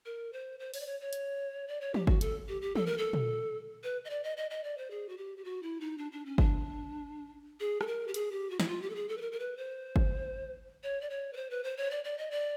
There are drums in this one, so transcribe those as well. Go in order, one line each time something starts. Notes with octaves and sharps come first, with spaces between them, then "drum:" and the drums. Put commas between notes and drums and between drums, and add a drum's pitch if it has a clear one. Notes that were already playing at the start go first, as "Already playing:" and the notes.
A#4
C5
C5
C#5, drum: open hi-hat
D5
C#5
C#5
drum: hi-hat
D5
C#5
G4, drum: tom E3
F#4, drum: kick G1
A4, drum: hi-hat
G4
G4
A4, drum: tom E3
A#4
A4
drum: tom
B4
D#5
D5
D#5
D#5
D#5
D5
C5
G#4
F#4
G4
G4
F#4
E4
D#4
D4
D4
C#4
D4, drum: kick G1
G#4
A4, drum: rim click
A#4
G4
G#4, drum: hi-hat
G4
F#4
E4, drum: snare
F4
G4
A4
G#4
A4
B4
A#4
A#4
B4
C5
drum: kick G1
C#5
D5
C#5
B4
C5
B4
C5
C#5
D5
D5
D#5
D5